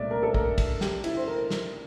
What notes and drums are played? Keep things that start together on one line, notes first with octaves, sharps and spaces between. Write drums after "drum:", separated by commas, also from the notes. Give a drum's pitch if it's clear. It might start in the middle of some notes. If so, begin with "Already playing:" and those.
Already playing: C2 A#2 A3 D5 E5
A#4
A4
A#4, drum: kick
drum: kick, cymbal
G4, drum: snare
E4, drum: cymbal
C5
A#4
drum: snare